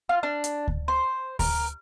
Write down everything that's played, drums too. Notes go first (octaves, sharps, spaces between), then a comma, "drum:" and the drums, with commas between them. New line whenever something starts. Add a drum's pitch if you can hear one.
F4
D4
drum: hi-hat
drum: kick D2
C5
A#4, drum: kick D2, open hi-hat